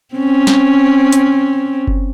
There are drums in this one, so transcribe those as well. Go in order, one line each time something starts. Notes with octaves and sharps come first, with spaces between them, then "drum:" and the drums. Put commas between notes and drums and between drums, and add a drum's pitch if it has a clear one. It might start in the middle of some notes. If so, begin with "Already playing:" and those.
C4 C#4
drum: snare
drum: hi-hat
drum: kick F#1